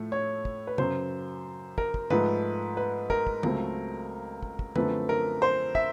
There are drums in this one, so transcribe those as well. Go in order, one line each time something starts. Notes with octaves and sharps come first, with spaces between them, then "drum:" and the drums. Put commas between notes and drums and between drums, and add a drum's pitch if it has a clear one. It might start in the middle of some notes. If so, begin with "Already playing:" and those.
Already playing: A2 F3 A3
C#5
drum: kick
B4
F#2 C#3 F#3 C5, drum: tom C3
A#4, drum: kick
drum: kick
G#2 F3 A3 B4, drum: tom D3
B4
A#4, drum: kick
drum: kick
C#2 C#3 F#3 A3 C4, drum: tom D3
drum: kick
drum: kick
F#2 D3 F3 A3 C4 B4, drum: tom D3
A#4
C5
E5, drum: kick